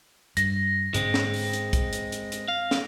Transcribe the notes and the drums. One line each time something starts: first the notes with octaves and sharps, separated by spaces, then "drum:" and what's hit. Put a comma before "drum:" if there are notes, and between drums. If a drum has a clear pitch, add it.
G2 A#6, drum: hi-hat
G#2 D3 G#3 C4, drum: hi-hat
drum: snare
drum: open hi-hat
drum: hi-hat
drum: kick, hi-hat
drum: hi-hat
drum: hi-hat
drum: hi-hat
F5
drum: snare